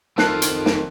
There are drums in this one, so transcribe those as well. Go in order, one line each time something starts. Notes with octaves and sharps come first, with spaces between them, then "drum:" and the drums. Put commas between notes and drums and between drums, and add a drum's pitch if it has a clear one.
D#3 F3 C4 F4 A4 A5 F#6 C7, drum: snare
drum: hi-hat
drum: snare